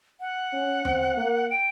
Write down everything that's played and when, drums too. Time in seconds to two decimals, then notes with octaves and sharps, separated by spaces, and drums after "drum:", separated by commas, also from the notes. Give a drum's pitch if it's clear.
0.20 F#5
0.53 C#4
0.85 C4, drum: tom E2
1.17 A#3
1.50 G5